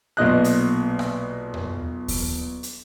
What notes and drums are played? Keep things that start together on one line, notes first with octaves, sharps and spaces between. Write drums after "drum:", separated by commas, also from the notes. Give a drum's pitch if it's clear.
B1 A#2 D#5 F#6
drum: hi-hat
drum: rim click
drum: tom E2
drum: kick D#2, open hi-hat
drum: hi-hat